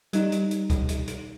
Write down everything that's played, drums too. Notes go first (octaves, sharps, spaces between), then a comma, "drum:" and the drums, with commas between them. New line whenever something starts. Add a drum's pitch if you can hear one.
G3 D#4, drum: hi-hat
drum: hi-hat
drum: hi-hat
drum: kick C#2, hi-hat
drum: hi-hat
drum: hi-hat